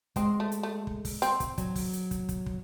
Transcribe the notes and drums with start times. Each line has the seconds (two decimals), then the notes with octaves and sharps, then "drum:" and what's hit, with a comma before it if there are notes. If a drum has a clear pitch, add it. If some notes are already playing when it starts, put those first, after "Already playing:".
0.16 G#3 C4, drum: kick, hi-hat
0.40 A3
0.52 drum: hi-hat
0.63 A3
0.87 drum: kick
1.05 drum: kick, open hi-hat
1.22 C4, drum: hi-hat
1.40 drum: kick, hi-hat
1.58 F#3, drum: kick, hi-hat
1.76 drum: kick, open hi-hat
1.93 drum: hi-hat
2.11 drum: kick, hi-hat
2.29 drum: kick, hi-hat
2.46 drum: kick